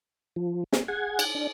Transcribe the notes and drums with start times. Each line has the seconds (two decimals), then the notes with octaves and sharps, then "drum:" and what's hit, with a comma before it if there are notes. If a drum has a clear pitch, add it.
0.36 F3
0.73 C4 G#4, drum: snare
0.88 G#4 F#5 G#6
1.19 drum: cymbal
1.35 D4